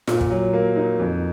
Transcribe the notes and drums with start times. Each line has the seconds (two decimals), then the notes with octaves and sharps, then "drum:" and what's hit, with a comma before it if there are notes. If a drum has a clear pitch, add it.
0.08 A#2, drum: snare F4
0.21 drum: kick
0.31 F#3
0.53 A#3
0.76 D#4
0.99 F2